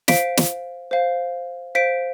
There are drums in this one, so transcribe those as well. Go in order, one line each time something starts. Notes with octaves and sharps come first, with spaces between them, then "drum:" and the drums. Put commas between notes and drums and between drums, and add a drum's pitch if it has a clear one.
C5 F5 B6 D7, drum: snare
drum: snare
C5 F5
C5 F5 B6 D7